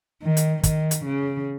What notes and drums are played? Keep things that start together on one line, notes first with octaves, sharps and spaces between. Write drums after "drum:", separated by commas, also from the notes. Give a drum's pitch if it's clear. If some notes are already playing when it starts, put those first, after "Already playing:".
D#3
drum: hi-hat
D#3, drum: kick, hi-hat
drum: hi-hat
C#3